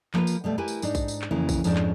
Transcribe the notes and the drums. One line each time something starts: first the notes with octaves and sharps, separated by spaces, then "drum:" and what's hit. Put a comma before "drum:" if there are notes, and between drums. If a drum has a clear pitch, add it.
F3 A#3 F4 B4, drum: clap
drum: tambourine
B2 G3 A3
E4 G4 A#4 B4 G#5
drum: tambourine
G#2 D4 D#4, drum: tambourine
drum: kick A#1, tambourine
drum: tambourine
drum: clap
F2 C#3 E3 A#3 E4
drum: kick A#1, tambourine
F2 G#2 F3 C#4 D4, drum: tambourine
drum: clap